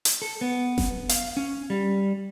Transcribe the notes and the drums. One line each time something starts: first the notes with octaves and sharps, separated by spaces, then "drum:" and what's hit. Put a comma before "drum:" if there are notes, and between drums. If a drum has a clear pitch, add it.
drum: hi-hat
A4
B3
drum: snare F#1
F5, drum: hi-hat
C#4
G3